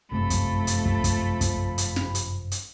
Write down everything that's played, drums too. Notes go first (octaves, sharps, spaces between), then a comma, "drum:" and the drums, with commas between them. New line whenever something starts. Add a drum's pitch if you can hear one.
G1 F#2 C3 F3 A3 A4 B5
drum: kick, hi-hat
drum: hi-hat
drum: kick
drum: kick, hi-hat
drum: kick, hi-hat
drum: hi-hat
drum: snare
drum: hi-hat
drum: hi-hat